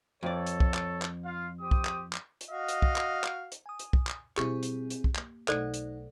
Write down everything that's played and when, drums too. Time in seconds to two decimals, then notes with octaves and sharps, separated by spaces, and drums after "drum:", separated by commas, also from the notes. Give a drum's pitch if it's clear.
0.23 F2 A4 C#5 D5
0.47 drum: hi-hat
0.60 drum: kick
0.74 drum: clap
1.02 drum: clap
1.25 F4 F5
1.61 G4 C5 D#6
1.71 drum: kick
1.85 drum: clap
2.13 drum: clap
2.41 drum: hi-hat
2.50 F#4 D#5 F5
2.68 drum: hi-hat
2.82 drum: kick
2.96 drum: clap
3.24 drum: clap
3.52 drum: hi-hat
3.66 G#5 D#6
3.79 drum: hi-hat
3.93 drum: kick
4.07 drum: clap
4.37 B2 G3 C4 E4 G4 G#4, drum: clap
4.63 drum: hi-hat
4.90 drum: hi-hat
5.04 drum: kick
5.16 A#3, drum: clap
5.48 B1 A3 D#4 A4 C5 D5 F#5, drum: clap
5.74 drum: hi-hat